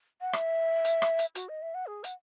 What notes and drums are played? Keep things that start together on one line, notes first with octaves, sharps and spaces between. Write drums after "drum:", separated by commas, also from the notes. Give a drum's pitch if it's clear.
F#5
E5, drum: rim click
drum: hi-hat
drum: rim click
drum: hi-hat
F#4, drum: hi-hat
D#5
E5
F#5
G#4
F#5, drum: hi-hat